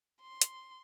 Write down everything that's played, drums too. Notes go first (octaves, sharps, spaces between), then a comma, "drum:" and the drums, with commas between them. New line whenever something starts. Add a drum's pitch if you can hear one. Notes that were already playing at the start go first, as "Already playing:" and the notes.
C6
drum: hi-hat